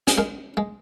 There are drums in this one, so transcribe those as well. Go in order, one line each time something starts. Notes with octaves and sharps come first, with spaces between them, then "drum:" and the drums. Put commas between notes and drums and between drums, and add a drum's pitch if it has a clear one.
G#4, drum: hi-hat
G#3 A#4
G#3